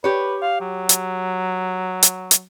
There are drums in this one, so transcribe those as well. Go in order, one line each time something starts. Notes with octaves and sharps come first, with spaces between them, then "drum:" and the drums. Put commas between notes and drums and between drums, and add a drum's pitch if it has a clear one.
G4 B4 C#5
F5
F#3
drum: hi-hat
drum: hi-hat
drum: hi-hat